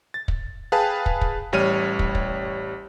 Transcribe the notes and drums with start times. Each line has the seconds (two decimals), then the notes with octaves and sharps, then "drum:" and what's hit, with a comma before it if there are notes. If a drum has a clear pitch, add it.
0.14 A6
0.28 drum: kick
0.72 G#4 B4 F5 G5 A5
1.06 drum: kick
1.21 drum: kick
1.53 A1 G3 C#5 F6 D#7
1.99 drum: kick
2.15 drum: kick